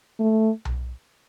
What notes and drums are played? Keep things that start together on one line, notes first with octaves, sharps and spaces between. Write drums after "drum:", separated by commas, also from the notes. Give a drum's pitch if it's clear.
A3
drum: tom B1